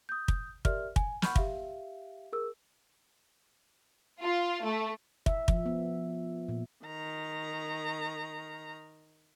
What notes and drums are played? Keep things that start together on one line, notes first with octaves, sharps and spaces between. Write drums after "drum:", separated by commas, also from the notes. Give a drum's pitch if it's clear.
D#6 G6
drum: kick
G4 A#4 D5 E5 F6, drum: kick
G#5, drum: kick
F#5 B5 C#6 F6 G6, drum: snare
G4 E5 F5, drum: kick
G#4 A#4 E6
F4
A3
E5, drum: kick
F3, drum: kick
B3
A#2
D#3 A#5